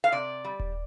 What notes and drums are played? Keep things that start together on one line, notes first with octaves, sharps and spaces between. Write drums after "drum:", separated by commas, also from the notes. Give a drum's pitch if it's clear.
F5
C3 D5
G3
drum: kick D#1